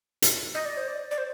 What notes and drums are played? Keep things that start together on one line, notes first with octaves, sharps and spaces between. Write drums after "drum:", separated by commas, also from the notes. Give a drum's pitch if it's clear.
drum: hi-hat
D#5
D5
C5
D5
D5
C5